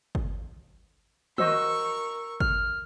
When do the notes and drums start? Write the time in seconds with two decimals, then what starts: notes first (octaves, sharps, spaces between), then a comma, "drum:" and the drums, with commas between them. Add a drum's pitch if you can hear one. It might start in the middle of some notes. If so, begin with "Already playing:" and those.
0.15 drum: kick G1
1.38 F#4 A#4 C5 D#5 C#6 E6, drum: tom D#3
2.40 F6, drum: kick G1